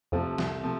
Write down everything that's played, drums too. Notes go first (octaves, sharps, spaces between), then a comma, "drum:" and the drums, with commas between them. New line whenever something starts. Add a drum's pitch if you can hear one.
F2 C3 F3 A3
C2, drum: snare
C3 F3 A3